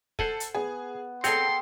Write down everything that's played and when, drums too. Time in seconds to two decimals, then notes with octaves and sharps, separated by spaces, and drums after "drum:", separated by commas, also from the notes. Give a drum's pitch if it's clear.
0.19 A4 C5 F#5 G#5, drum: kick
0.40 drum: hi-hat
0.55 B3 G#4
1.24 C4 G#4 A4 C#5 D#5 G5 C6 C#7, drum: hi-hat